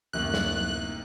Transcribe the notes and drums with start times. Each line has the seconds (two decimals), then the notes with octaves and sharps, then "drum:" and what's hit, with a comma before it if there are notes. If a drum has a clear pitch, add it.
0.13 D1 F#2 C3 D#3 A#3 F#6
0.34 drum: snare